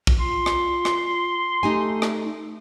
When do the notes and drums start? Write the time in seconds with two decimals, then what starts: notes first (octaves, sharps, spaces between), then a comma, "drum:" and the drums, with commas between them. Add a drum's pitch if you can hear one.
0.07 drum: kick
0.20 F4 C6
0.46 drum: rim click
0.85 drum: rim click
1.63 A3 D#4 G4 G#5
2.02 drum: rim click